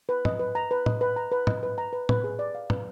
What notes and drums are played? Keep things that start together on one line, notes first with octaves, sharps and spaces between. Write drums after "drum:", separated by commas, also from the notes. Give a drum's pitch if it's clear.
B4
D#5, drum: tom
B4
A#5
B4
D#5, drum: tom A2
B4
A#5
B4
D#5, drum: tom
B4
A#5
B4
B4, drum: tom A2
G#4
D5
F5
B4, drum: tom